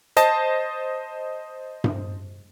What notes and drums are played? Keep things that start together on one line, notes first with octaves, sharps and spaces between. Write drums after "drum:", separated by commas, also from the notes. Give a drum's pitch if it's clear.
C5 D#5 A5, drum: hi-hat
drum: tom G2